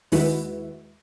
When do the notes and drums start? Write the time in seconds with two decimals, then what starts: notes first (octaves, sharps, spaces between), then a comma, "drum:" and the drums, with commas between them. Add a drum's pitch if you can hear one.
0.12 D#2 G#3 E4 F#4 B4, drum: open hi-hat